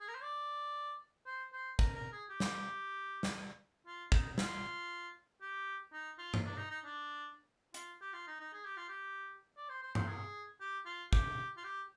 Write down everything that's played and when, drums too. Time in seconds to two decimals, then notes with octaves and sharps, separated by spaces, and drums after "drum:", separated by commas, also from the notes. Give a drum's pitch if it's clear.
0.01 G#4
0.08 A#4
0.15 C5
0.22 D5
1.26 C5
1.53 C5
1.79 A#4, drum: kick
1.96 A#4
2.12 G#4
2.30 G4
2.40 drum: snare
3.23 drum: snare
3.86 F4
4.12 D#4, drum: kick
4.38 F4, drum: snare
5.41 G4
5.93 D#4
6.19 F4
6.34 drum: tom G2
6.46 D4
6.58 D#4
6.70 D#4
6.84 D4
7.74 F4, drum: hi-hat
8.01 G4
8.13 F4
8.27 D#4
8.40 D#4
8.53 G#4
8.65 G4
8.77 F4
8.88 G4
9.57 D5
9.69 C5
9.83 C5
9.95 C5, drum: tom G2
10.08 G#4
10.61 G4
10.86 F4
11.13 G4, drum: kick
11.57 F4
11.64 G4